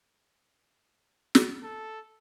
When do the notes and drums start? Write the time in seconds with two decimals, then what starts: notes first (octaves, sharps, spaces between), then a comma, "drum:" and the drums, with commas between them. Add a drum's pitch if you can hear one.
1.35 drum: snare
1.63 A4